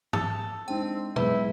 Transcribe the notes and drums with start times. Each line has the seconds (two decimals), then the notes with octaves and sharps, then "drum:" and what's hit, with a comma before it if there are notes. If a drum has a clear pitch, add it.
0.13 A4, drum: tom
0.68 G#3 C4 D4 D#4 G5
1.16 E2 G#2 E3 F#3 E4 B4, drum: tom